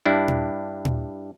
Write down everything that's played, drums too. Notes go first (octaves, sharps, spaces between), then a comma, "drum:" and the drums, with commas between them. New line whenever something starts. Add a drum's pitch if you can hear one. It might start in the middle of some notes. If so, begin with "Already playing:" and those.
G2 D4 E4
drum: tom A#2
drum: tom A#2